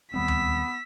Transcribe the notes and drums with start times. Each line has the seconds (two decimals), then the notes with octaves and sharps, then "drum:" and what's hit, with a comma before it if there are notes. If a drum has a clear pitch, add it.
0.14 D#2 G3 B3 C4 E6 B6
0.28 drum: tom D2